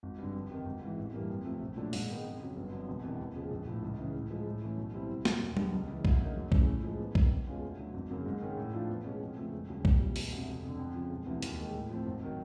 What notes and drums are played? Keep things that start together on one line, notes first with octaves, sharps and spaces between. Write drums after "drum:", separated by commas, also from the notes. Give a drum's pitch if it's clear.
G#1
G2 D3
F2
C3 D#3
G#1
G#2 E3
A1
G2 E3 G3 A#3
F2
C3 F3 A3
A#1
A#2 F#3 A3 D4
G#2, drum: open hi-hat
D#3 G#3 B3 D#4
F2
C#3 F#3
G1
F2 D3 F#3
E1
E2 C3 D#3
D#2
C#3 F3 G#3
A#1
A2 F3
C#2
C#3 E3
A2
F3 G#3
A2
E3 A3 C#4
B1
B2 G3 C4 E4
C2
A#2 F#3, drum: snare
D#2
D3 G3 B3, drum: tom F#3
C#2
C#3 E3
D2, drum: kick B1
C#3 F#3 A#3 D#4
F#2
C#3 E3 A3 C#4, drum: kick B1
A2
F3 G#3
E2
C3 D#3, drum: kick B1
E2
B2 G#3 C#4 F4
D2
D3 F#3 A3
G#1
F#2 C#3 F#3 A#3
G#2
D#3 G#3 C#4
A2
F3 A3 D4 F4
E2
B2 G#3 C#4
F2
C#3 F3 A3
E1
D#2 C#3 F#3
C2, drum: kick B1
A#2 G3
E1, drum: open hi-hat
D2 C3
F1
F2 D3
F2
C#3 F3
E1
D2 C3 E3
D#2, drum: hi-hat
D#3 G#3
A2
F3 A3 C4
G#1
D#3 F#3